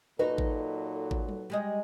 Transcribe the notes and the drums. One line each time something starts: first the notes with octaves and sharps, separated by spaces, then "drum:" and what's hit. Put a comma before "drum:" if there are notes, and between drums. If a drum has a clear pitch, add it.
A#2 F#3 D#4 F#4 A4 B4
drum: kick G#1
drum: kick G#1
drum: tom F#3
G3 G#3 D#5